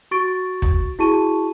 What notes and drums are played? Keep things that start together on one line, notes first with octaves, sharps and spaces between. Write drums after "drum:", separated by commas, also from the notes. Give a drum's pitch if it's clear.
F#4 C#6 A6 D7
drum: kick
E4 F#4 G#4 A5 C#6 D#7